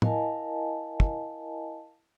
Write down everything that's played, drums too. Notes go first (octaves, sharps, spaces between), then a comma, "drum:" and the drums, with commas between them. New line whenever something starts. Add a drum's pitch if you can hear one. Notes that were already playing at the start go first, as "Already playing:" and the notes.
E4 A#4 D#5 F5 G#5 A5, drum: tom
drum: kick